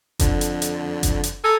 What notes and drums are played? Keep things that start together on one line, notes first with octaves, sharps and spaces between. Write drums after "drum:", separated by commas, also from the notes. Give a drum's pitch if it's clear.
F2 D3, drum: kick F#1, hi-hat
drum: hi-hat
drum: hi-hat
drum: kick F#1, hi-hat
drum: hi-hat
A4 G#5 A#5 D#6